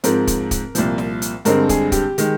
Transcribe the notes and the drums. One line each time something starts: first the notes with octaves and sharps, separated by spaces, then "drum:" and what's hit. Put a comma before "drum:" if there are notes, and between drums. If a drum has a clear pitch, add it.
G#2 F3 C4 A#4, drum: hi-hat
drum: kick, hi-hat
drum: kick, hi-hat
C2 A#2 F3, drum: hi-hat
drum: snare
drum: hi-hat
G2 D3 G#3 C4 A#4, drum: hi-hat
G#4, drum: kick, hi-hat
G4, drum: kick, hi-hat
D#3 G#3, drum: hi-hat